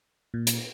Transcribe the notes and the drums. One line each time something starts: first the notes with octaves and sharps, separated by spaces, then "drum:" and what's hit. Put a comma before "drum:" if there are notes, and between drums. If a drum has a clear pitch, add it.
A#2
drum: hi-hat